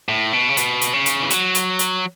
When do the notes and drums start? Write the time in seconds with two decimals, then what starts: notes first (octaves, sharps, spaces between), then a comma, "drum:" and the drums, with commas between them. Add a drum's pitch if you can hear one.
0.09 A2
0.33 B2
0.49 C#3
0.57 B2, drum: hi-hat
0.81 drum: hi-hat
0.93 C#3
1.06 drum: hi-hat
1.22 E3
1.30 F#3, drum: hi-hat
1.55 drum: hi-hat
1.79 drum: hi-hat